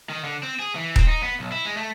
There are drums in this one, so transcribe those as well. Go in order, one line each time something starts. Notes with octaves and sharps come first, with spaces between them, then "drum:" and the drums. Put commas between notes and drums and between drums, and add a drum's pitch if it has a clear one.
D#3
D3
C4
G#4
E3
C4, drum: kick D#1
D#4
B3
B1
E4
G#3
A3